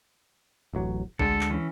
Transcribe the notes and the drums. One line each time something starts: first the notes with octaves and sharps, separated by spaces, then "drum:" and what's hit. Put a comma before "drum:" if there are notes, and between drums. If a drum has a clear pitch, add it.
D1 A1 F#3
D2 D3 G#3 A4, drum: kick
drum: clap
E3 C#4